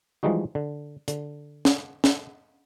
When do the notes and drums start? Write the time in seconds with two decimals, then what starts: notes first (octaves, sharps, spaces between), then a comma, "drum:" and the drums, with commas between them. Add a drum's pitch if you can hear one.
0.23 E3 F3 G3 G#3 D#4 F#4
0.55 D3
1.08 D3, drum: hi-hat
1.65 drum: snare
2.04 drum: snare